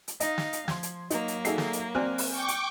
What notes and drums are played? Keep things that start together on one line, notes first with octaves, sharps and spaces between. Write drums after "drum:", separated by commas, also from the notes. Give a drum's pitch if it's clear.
drum: hi-hat
D#4 D#5 F5, drum: hi-hat
drum: snare
drum: hi-hat
F3 C6 G#6, drum: snare
drum: hi-hat
F#3 A#3 D#4, drum: hi-hat
drum: hi-hat
D#4 F#4 G#4 A4 E5 C7, drum: hi-hat
drum: snare
drum: hi-hat
C4 D5 G#5 F6 F#6
drum: open hi-hat
G5 C#6 D6
drum: hi-hat